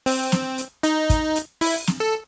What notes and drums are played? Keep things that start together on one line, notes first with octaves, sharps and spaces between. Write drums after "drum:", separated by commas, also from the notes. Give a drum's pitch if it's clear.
C4, drum: open hi-hat
drum: snare
drum: hi-hat
D#4, drum: hi-hat
drum: kick, hi-hat
drum: hi-hat
E4, drum: open hi-hat
drum: snare
A4